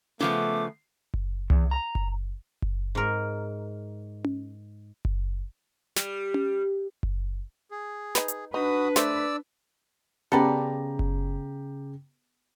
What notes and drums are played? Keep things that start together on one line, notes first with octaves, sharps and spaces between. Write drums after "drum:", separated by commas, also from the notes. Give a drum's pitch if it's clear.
C#3 F3 A3 B3 D6, drum: tom C#4
drum: kick F#1
E2, drum: tom C2
A#5
drum: kick F#1
drum: kick F#1
G#2 A#4
drum: tom C#4
drum: kick F#1
G3, drum: snare
drum: tom C#4
drum: kick F#1
G#4
D#4 B4, drum: snare
drum: hi-hat
D4 D#4 F#4 B4 D#6
A3 C5 D5 E6, drum: snare
C#3 B3 C#4 G4 A4 B4 D5 A#5
drum: kick F#1